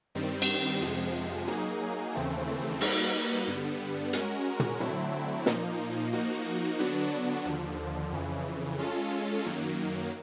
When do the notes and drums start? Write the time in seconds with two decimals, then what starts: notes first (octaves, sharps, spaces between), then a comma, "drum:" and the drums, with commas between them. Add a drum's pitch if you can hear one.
0.15 G2 D#3 G3 C4
0.42 drum: cymbal
0.81 F2 C3 F3 G#3
1.47 F#3 A#3 D#4 G#4
2.14 D#2 C#3 E3 A3 C4
2.81 G3 A#3 D#4 F#4 B4, drum: open hi-hat
3.47 G2 D3 G3 B3
4.13 G#3 C#4 F#4 A#4, drum: hi-hat
4.60 drum: tom
4.80 D3 F#3 A3 C4 E4
5.46 A#2 F3 A#3 D#4, drum: snare
6.12 F3 A#3 D#4 F#4
6.79 D3 F#3 B3 D4 F#4
7.45 D#2 D3 F3
8.12 F2 C#3 E3
8.78 G#3 C#4 F4 A4
9.45 F#2 D#3 F#3 A#3